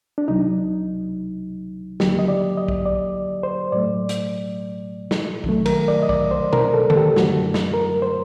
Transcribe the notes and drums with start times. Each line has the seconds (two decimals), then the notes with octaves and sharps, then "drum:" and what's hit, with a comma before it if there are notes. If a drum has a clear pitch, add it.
0.18 D4
0.28 C2 C3 F#3 D#4
2.00 D#2 D3 F#3 A#3 G4, drum: snare
2.19 D#5
2.28 D5
2.57 D#5
2.68 drum: kick
2.86 D5
3.43 C5
3.72 A2 F#3 A3 D5
4.09 drum: hi-hat
5.11 drum: snare
5.44 C2 C3 D#3 F#3 A3, drum: kick
5.66 A#4, drum: cymbal
5.88 D5
6.03 D#5
6.09 D5, drum: kick
6.31 C5
6.53 A#4, drum: tom
6.74 A4
6.90 A4, drum: tom D3
6.96 G4
7.16 F#2 D3 F#3 A3 F#4, drum: snare
7.54 drum: snare
7.74 A#4
8.02 C5